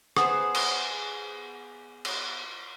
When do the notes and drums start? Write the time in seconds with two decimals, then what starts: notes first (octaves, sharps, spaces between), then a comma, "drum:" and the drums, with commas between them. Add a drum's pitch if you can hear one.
0.17 B3 G#4 C5, drum: rim click
0.54 drum: cymbal
2.05 drum: cymbal